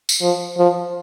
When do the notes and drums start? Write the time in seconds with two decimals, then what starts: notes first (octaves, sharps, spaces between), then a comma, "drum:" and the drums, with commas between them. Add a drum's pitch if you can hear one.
0.09 drum: tambourine
0.21 F3
0.58 F3